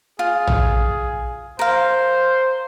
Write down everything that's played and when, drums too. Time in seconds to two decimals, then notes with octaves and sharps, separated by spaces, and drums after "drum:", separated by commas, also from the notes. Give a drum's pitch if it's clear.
0.19 F4 G#4
0.47 drum: tom A#1
1.59 A#4 C5 F5